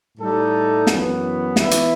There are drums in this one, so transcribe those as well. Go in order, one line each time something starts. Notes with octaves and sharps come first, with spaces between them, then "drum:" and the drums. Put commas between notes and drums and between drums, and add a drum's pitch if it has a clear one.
A2 G3 D#4 A4
F#2 E3 B3, drum: snare
E3 B3 E4, drum: snare
drum: hi-hat